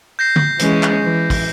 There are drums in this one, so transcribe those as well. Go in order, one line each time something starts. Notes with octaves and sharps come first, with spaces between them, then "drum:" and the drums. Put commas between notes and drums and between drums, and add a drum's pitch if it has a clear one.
G6 A#6 C7
drum: tom
E3 G#3 C#4, drum: hi-hat
drum: clap
E3
drum: kick, open hi-hat